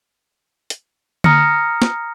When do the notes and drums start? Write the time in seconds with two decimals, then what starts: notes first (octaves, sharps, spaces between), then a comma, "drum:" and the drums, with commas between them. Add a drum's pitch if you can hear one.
0.70 drum: hi-hat
1.24 A#5 D#6 F6 A#6 C#7, drum: tom D3
1.82 drum: snare